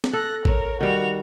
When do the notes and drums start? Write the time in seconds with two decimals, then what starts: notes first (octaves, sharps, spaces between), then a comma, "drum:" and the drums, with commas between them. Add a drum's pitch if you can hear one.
0.04 drum: snare
0.13 A4 F#6 A#6
0.45 A#4 C#5, drum: kick A1
0.81 D#3 G3 F#4 F7